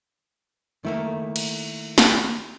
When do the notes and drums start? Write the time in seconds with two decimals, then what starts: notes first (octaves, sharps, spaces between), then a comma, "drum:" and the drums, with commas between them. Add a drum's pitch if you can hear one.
0.85 D#3 A3 A#3 E4
1.36 drum: cymbal
1.98 drum: snare